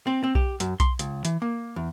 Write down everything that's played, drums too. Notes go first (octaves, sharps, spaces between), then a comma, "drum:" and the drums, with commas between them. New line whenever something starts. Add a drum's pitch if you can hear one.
C4
C4
G4, drum: kick B1
F#2, drum: hi-hat
C6, drum: kick B1, hi-hat
C#2, drum: hi-hat
E3, drum: hi-hat
A#3
E2